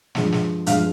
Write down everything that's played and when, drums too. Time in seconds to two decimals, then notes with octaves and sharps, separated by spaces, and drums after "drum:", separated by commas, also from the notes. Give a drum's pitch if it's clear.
0.15 G2 F3 G#3, drum: snare
0.32 drum: snare
0.66 G2 F3 G#3 F5 F6, drum: hi-hat